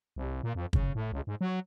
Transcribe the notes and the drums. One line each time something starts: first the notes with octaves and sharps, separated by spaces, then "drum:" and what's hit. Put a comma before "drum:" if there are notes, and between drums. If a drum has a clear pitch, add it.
C2
A#2
F2
C#3, drum: kick
A2
C#2
G#2
F#3